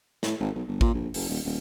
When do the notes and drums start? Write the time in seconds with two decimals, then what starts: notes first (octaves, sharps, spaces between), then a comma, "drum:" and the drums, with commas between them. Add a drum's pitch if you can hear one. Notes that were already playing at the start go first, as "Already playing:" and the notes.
0.23 A2, drum: snare
0.40 G#1
0.55 B1
0.68 G1
0.81 A#2, drum: kick A1
0.94 A#1
1.14 F#1, drum: open hi-hat
1.29 D#1
1.44 D#1